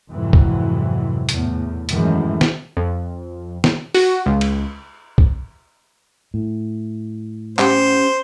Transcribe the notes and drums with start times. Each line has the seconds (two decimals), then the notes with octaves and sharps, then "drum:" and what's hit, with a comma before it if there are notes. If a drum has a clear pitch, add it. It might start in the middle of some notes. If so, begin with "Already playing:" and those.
0.11 F2 G#2 C3 E3 F#3
0.33 drum: kick
1.29 E2 A2, drum: hi-hat
1.89 F#2 A2 D#3 E3 G#3, drum: hi-hat
2.41 drum: snare
2.77 F2
3.64 drum: snare
3.95 F#4, drum: open hi-hat
4.26 C#2
4.41 drum: cymbal
5.18 drum: kick
6.34 A2
7.58 C#4 G4 C5 F#5, drum: clap